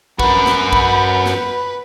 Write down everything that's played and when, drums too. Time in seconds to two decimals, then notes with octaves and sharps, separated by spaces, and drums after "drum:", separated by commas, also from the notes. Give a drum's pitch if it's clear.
0.19 F#4 A#4 B4 B5, drum: kick
0.46 drum: snare
0.73 drum: kick
1.26 drum: snare